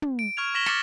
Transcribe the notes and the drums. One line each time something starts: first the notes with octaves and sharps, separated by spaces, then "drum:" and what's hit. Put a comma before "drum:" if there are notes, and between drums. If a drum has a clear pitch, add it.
drum: tom
D7
C#6 F6 G#6 F7
C#6 A#6 B6 E7 F#7 G7
C#6 D6 F6 A6 C#7, drum: snare